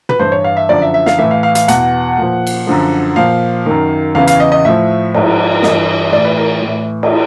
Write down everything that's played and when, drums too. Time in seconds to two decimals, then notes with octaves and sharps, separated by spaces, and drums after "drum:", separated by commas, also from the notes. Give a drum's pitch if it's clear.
0.09 B4, drum: tom
0.19 G2 E3 C5
0.32 C#5
0.44 F5
0.57 E5
0.69 F#2 D3 F3 D5
0.82 E5
0.94 E5
1.06 F5, drum: snare
1.18 A2 E3 E5
1.31 F5
1.43 F5
1.55 F5, drum: hi-hat
1.68 E2 B2 F#5, drum: hi-hat
2.17 A#2 F3
2.47 drum: cymbal
2.67 F#2 D3 F3
3.16 A#2 F3 F5
3.66 F#2 D#3
4.15 E2 C#3 E3 F5
4.27 F5, drum: hi-hat
4.40 D#5
4.52 D#5
4.65 A2 F3 E5
5.14 G#2 F3, drum: cymbal
5.63 G2 E3 D#5, drum: snare
6.12 A2 E3 D5
6.25 B4
6.38 A#4
6.62 A2 E3
7.03 drum: cymbal